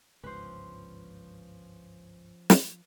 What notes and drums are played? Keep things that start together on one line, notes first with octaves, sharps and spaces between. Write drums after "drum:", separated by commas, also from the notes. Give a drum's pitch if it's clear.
G1 C#2 G#2 F3 C#4 B4 C5
drum: snare